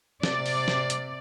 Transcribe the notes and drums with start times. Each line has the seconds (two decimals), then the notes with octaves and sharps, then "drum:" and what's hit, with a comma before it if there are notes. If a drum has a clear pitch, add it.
0.23 C3 D5, drum: snare
0.46 drum: open hi-hat
0.68 drum: snare
0.90 drum: hi-hat